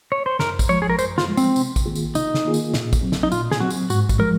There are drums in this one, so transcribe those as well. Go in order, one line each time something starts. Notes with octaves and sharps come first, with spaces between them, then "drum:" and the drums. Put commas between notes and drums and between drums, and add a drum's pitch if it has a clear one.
C#5
C5
F#2 A#4, drum: snare
drum: kick A1, tambourine
F3 G#3 C#5
G#4
A#4
F#2 C5, drum: tambourine
F4, drum: snare
F3 G#3
C4, drum: tambourine
C3, drum: tambourine
drum: kick A1, tambourine
D#3 A#3 F4 G#4
drum: tambourine
C3 D#4, drum: tambourine
drum: snare
D#3 A#3 F4 G#4
drum: tambourine
A#2, drum: snare
drum: kick A1, tambourine
F#3 C4
drum: snare
D#4
A#2 F4, drum: tambourine
G#4, drum: snare
F#3 C4 F#4
drum: tambourine
G#2 F#4, drum: tambourine
drum: kick A1, tambourine
F3 G#3 A#4